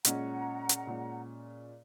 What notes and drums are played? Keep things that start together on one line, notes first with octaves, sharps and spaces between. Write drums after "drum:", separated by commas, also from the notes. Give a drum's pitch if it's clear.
A#2 G#3 C#4 F#5 A#5, drum: hi-hat
drum: hi-hat
A#2 G#3 C#4